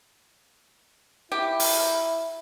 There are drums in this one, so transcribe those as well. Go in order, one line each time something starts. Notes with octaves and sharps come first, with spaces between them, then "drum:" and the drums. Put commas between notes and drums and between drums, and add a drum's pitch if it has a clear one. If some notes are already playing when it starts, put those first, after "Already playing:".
E4 G4
drum: open hi-hat